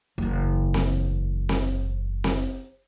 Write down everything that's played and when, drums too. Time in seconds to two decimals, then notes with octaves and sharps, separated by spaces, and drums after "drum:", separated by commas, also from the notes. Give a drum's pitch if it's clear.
0.18 F#1 E2
0.74 drum: snare C4
1.49 drum: snare C4
2.24 drum: snare C4